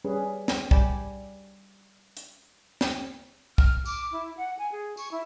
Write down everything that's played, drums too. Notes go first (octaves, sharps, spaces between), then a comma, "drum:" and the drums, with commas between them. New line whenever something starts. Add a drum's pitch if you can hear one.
G3 C#4 G#4 B4
drum: snare
G3 D5 G5 G#5 B5, drum: kick
drum: hi-hat
drum: snare
F6, drum: kick
D6, drum: tambourine
E4
F#5
G#5
G#4
C#6, drum: tambourine
E4